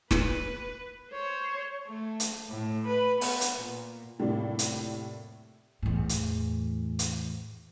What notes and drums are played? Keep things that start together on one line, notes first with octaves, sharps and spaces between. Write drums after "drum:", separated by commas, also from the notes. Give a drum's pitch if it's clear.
B4, drum: snare
C5 C#5
A3
drum: hi-hat
A2
B4
B3, drum: open hi-hat
drum: hi-hat
A#2
F1 A2 G3 A#3 F4 D5
drum: hi-hat
E2 A2
drum: hi-hat
drum: hi-hat